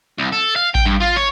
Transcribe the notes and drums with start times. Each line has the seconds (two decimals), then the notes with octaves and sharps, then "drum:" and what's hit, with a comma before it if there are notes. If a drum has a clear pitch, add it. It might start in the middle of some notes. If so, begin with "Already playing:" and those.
0.18 C2
0.32 A4
0.56 F5
0.75 G5, drum: kick A1
0.86 G2
1.01 F4
1.17 C#5